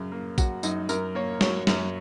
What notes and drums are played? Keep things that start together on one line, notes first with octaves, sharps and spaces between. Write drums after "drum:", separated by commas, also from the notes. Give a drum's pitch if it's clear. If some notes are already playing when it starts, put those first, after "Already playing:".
Already playing: F#2 C#3
A#3
F#3 F#4, drum: kick A#1, tambourine
F#2 D#4, drum: tambourine
F#2 A#4, drum: tambourine
A#3 C#5
F#3 C#5, drum: snare
F#2, drum: snare